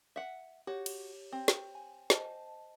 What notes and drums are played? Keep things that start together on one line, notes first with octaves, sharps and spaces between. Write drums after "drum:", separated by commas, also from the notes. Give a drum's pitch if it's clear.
E5 F#5
F#4 G4 C#5
drum: cymbal
C4
drum: snare
G#5
C5 D#5 A5, drum: snare